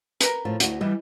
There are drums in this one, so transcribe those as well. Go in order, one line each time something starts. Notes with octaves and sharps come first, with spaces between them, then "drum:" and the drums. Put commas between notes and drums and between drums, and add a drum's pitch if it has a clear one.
A#4 B4, drum: hi-hat
A2 F3
D2 F#4, drum: hi-hat
E3 G3 E4 D#5